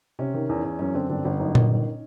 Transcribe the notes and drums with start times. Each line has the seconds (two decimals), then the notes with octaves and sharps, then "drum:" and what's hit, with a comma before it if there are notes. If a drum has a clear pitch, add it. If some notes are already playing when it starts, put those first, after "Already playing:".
0.19 C3 C#4
0.34 D#3
0.49 E2
0.65 E2
0.79 F#2 C#4
0.94 D3 C4 D4
1.10 G1 C4 D4
1.25 G1 C#4
1.40 F#2 C#4 D#4
1.55 D#3, drum: tom A#2
1.70 G1